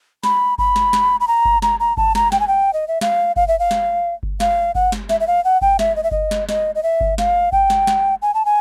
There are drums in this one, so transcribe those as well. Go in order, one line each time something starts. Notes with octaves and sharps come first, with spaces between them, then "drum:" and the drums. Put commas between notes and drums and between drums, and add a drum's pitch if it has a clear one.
B5, drum: snare
B5, drum: kick G1
drum: snare
drum: snare
B5
A#5
drum: kick G1
A#5, drum: snare
A#5
A5, drum: kick G1
A#5, drum: snare
G5, drum: snare
G#5
G5
D#5
E5
F5, drum: snare
F5, drum: kick G1
E5
F5
drum: snare
drum: kick G1
F5, drum: snare
F#5, drum: kick G1
drum: snare
E5, drum: snare
E5
F5
F#5
G5, drum: kick G1
E5, drum: snare
D#5
E5
D#5, drum: kick G1
drum: snare
D#5, drum: snare
D#5
E5
drum: kick G1
F5, drum: snare
G5, drum: kick G1
drum: snare
drum: snare
G#5
A5
G#5